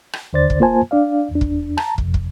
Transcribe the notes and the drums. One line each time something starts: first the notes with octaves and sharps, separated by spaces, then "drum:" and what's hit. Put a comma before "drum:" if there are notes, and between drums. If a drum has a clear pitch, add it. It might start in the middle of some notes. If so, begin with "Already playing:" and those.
drum: rim click
D#2 D3 C5 D5 A6
drum: kick
A#3 F4 C5 G#5 A5
D4 D5 F5
E2 D4
drum: kick
A5 A#5, drum: rim click
F2 C3, drum: kick
drum: kick